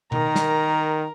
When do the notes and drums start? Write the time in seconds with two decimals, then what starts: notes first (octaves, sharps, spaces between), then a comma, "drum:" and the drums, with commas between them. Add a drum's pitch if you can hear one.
0.12 D#3 A#4 A#5, drum: tom B2
0.36 drum: snare